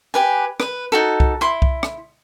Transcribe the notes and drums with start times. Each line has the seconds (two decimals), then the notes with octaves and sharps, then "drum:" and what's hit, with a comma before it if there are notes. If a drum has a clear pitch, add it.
0.14 G4 B4 G#5
0.60 B4, drum: rim click
0.92 D#4 F#4 A4
1.20 drum: kick C2
1.41 E4 C6
1.62 drum: kick C2
1.83 drum: rim click